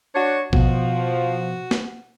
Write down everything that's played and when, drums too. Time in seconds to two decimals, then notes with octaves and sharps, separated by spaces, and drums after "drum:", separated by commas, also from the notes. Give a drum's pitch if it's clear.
0.14 D4 F#4 C#5
0.53 B2 F3 F#4, drum: kick
1.71 drum: snare